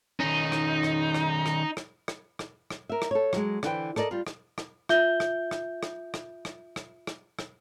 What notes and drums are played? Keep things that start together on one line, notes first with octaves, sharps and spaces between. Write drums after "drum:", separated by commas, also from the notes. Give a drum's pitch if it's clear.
D#3 C#4 D#4
drum: rim click
drum: rim click
drum: rim click
drum: rim click
drum: rim click
drum: rim click
drum: rim click
drum: rim click
A#4 E5
drum: rim click
A4 C#5
F#3 G#3, drum: rim click
D3 E3 E4 B4 C5 G5, drum: rim click
A4 A#4 D5 D#5, drum: rim click
G3 F4
drum: rim click
drum: rim click
F4 E5 G6 G7, drum: rim click
drum: rim click
drum: rim click
drum: rim click
drum: rim click
drum: rim click
drum: rim click
drum: rim click
drum: rim click